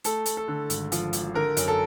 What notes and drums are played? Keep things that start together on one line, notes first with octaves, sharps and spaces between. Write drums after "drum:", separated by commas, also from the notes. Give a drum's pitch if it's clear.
A3 A4, drum: hi-hat
A3, drum: hi-hat
A4
D3
G#1, drum: hi-hat
F3, drum: hi-hat
G#1, drum: hi-hat
D3 A#4
F#2, drum: hi-hat
A4